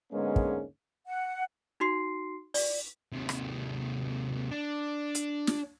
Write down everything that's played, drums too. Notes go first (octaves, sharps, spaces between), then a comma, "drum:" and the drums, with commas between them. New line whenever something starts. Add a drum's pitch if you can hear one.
G#2 D3 G#3 A#3 B3 C#4
drum: kick
F#5
D#4 F#4 C6 C7
D5, drum: open hi-hat
D#2 C3
drum: rim click
D4
drum: hi-hat
drum: snare